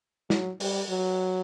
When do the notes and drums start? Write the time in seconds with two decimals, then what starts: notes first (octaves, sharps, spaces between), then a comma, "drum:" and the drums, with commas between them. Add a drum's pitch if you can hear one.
0.30 F#3, drum: snare
0.60 G3, drum: open hi-hat
0.90 F#3